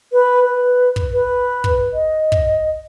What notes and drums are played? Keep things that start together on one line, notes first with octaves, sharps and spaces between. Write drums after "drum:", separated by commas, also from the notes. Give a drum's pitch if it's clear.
B4
B4
drum: kick
B4
drum: kick
D#5
drum: kick